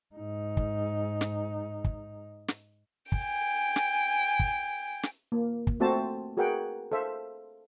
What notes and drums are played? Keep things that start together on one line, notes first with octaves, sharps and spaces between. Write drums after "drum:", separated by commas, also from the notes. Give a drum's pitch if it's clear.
G#2 D#4
drum: kick
drum: snare
drum: kick
drum: snare
G5 G#5, drum: kick
drum: snare
drum: kick
drum: snare
A#3
drum: kick
A3 C4 F#4 C5 E5 A5
F#4 G#4 A#4 B4 F#5 G5
A4 C5 E5 F5